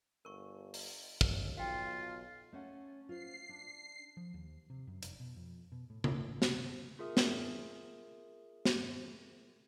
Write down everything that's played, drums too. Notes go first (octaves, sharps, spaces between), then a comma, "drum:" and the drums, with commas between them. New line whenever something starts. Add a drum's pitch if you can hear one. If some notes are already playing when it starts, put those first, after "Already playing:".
G1 A#4 C#6
drum: open hi-hat
D#2, drum: kick
B1 F4 F5 G5
A3 C#4 F#5
F4 C5 C7
D4
F3
D#2
C3
F#2
F1, drum: hi-hat
B2
F2
B2
A2
D1, drum: tom C#3
A1
C3, drum: snare
F4 G#4 A#4 E5 D#6
drum: snare
drum: snare